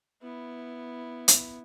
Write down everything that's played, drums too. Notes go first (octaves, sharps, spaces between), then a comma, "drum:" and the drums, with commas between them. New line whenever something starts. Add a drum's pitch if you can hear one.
B3 E4
drum: hi-hat